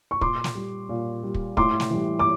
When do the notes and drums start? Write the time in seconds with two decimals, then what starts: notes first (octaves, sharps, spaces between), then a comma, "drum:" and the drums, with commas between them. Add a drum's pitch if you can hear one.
0.11 C#6
0.21 A#2 C6 D6, drum: kick
0.44 drum: snare
0.55 G3
0.89 A#2
1.23 G3
1.34 drum: kick
1.57 A2 C6 D6, drum: kick
1.80 drum: snare
1.90 E3 G3
2.19 D6